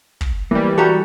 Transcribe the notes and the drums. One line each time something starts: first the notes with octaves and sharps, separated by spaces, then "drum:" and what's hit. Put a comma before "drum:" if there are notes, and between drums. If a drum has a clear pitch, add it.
drum: kick
E3 G3 A#3
F#4 G4 A4 A#5